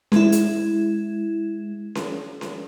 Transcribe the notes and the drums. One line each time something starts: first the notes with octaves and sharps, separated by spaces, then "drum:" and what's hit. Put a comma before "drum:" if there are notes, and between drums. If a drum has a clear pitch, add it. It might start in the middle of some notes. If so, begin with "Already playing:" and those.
G#3 E4, drum: snare C#4
drum: hi-hat
drum: snare C#4
drum: snare C#4